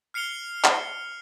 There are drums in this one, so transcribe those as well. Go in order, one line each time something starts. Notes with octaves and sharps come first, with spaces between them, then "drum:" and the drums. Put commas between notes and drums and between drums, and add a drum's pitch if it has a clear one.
F6 C7 C#7 F7 G7
drum: clap